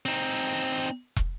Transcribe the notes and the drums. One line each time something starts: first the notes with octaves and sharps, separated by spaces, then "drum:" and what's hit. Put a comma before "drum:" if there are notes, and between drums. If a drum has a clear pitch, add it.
C4 D#4
drum: kick